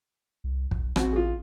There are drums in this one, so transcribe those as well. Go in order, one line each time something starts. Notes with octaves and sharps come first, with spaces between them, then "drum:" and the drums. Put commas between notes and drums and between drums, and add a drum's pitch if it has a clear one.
C2
B1, drum: kick
A1 C4 F#4, drum: rim click
F4 G#4